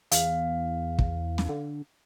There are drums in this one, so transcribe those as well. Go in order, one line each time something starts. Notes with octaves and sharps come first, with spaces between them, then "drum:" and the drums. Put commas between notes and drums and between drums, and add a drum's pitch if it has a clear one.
E2 F5, drum: hi-hat
drum: kick
drum: snare
D3